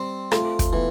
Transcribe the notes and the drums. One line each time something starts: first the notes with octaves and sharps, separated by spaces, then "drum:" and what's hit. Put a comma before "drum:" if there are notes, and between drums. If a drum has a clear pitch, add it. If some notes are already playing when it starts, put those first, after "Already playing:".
Already playing: G3 C4
A3 F4, drum: rim click
drum: kick, hi-hat
E3 B3